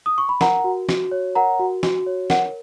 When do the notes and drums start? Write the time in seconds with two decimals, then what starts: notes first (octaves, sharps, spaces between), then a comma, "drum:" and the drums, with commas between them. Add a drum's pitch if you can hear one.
0.06 D#6
0.18 C#6
0.29 B5
0.41 A#4 F#5 A#5, drum: snare
0.64 F#4
0.89 F#4, drum: snare
1.12 C#5
1.35 A#4 F#5 A#5
1.59 F#4
1.83 F#4, drum: snare
2.06 C#5
2.30 A#4 F#5, drum: snare